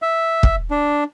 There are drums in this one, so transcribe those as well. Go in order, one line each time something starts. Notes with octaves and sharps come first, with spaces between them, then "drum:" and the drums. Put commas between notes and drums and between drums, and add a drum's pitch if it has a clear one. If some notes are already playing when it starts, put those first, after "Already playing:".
E5
drum: kick
D4